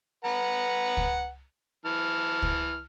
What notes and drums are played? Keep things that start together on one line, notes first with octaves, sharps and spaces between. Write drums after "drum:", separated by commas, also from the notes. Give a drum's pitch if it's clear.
B4 F#5 A#5
drum: kick C#2
E3 A5 F6
drum: kick C#2